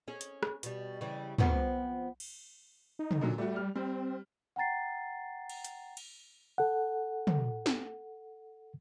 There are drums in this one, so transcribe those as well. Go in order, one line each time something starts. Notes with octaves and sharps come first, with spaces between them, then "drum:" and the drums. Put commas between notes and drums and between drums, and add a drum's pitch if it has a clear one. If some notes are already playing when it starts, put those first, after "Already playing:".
C#4 G#4
drum: hi-hat
drum: rim click
B2 G3, drum: hi-hat
C#3 E3 G3
F3 B3 C4, drum: tom
drum: cymbal
D#4
drum: tom
A#2 D3 F#3
G3 A3 F#4
F6
G3 C4
F#5 G5 A#5 A6 C7
drum: cymbal
drum: hi-hat
drum: cymbal
A4 F#5
drum: tom
drum: snare